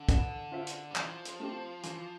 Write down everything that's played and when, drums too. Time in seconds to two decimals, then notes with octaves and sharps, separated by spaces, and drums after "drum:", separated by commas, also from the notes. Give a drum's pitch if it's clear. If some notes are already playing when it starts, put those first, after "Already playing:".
Already playing: D3
0.09 B3, drum: kick, hi-hat
0.52 F4 C5 E5
0.67 drum: hi-hat
0.91 G3
0.96 E3 F3, drum: clap
1.25 drum: hi-hat
1.40 A3 C4 G4
1.83 E3, drum: hi-hat